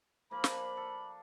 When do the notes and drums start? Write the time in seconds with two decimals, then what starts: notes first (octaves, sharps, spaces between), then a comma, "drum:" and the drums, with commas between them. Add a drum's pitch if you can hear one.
0.31 F3 A#3 A#4 B5
0.44 D4, drum: snare
0.77 A4